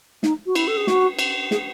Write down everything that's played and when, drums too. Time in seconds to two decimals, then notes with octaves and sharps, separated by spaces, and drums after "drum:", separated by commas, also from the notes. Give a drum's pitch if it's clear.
0.23 D#4, drum: snare
0.46 F#4
0.55 E4, drum: cymbal
0.68 A4
0.77 G#4
0.87 F#4, drum: snare
1.19 drum: cymbal
1.51 G#4, drum: snare